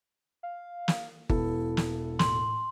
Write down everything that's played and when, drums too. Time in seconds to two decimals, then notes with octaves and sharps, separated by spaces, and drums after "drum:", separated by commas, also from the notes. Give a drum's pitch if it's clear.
0.43 F5
0.88 drum: snare
1.29 E1 B3 E4 A4, drum: kick G1
1.77 drum: snare
2.19 A2 C6, drum: snare